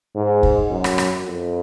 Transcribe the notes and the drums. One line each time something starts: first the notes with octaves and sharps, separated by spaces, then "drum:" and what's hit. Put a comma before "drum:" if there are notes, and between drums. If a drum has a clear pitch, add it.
G#2
drum: kick
F#2
drum: rim click
drum: rim click
F2